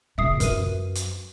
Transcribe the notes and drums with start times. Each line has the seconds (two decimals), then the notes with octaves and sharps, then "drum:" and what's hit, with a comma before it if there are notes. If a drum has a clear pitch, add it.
0.18 A#2 C#3 E5 D#6 C7
0.40 F#2 A#4 B4 D#7, drum: hi-hat
0.95 drum: hi-hat